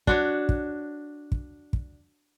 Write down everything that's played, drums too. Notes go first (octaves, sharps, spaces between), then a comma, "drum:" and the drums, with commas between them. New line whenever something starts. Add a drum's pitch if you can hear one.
D4 F#4 C#5, drum: kick
drum: kick
drum: kick
drum: kick